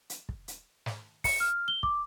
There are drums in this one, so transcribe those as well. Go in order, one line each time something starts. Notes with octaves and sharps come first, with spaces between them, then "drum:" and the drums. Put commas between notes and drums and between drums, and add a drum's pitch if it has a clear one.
drum: hi-hat
drum: kick
drum: hi-hat
drum: snare
C#7, drum: kick, open hi-hat
F6
G7
D6, drum: kick